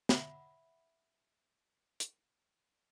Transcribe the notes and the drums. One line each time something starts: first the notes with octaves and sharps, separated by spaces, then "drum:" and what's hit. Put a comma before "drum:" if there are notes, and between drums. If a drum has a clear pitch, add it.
E5 F#5 B5, drum: snare
drum: hi-hat